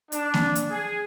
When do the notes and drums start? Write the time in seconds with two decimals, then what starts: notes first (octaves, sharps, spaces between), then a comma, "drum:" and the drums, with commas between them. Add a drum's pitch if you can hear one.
0.12 D4, drum: hi-hat
0.34 drum: snare A#3
0.55 drum: hi-hat
0.71 G#4